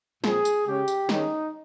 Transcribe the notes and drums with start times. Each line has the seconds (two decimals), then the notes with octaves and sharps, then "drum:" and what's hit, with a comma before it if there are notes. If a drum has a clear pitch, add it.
0.24 A#2 F3 C4 G#4, drum: snare
0.45 drum: tambourine
0.67 C#3 G#3 C#4 G4
0.88 drum: tambourine
1.09 D#3 G#3 C#4 D#4, drum: snare